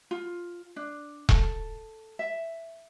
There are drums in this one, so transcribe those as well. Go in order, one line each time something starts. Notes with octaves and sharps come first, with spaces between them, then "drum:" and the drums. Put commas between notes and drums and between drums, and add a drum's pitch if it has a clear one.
F4
D4
A4, drum: kick E1
E5